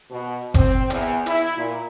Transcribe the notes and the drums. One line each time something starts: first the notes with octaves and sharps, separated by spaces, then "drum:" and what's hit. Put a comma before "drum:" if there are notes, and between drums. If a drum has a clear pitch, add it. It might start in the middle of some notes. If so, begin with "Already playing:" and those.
B2
C4, drum: kick F#1, hi-hat
E2, drum: hi-hat
E4, drum: hi-hat
A#2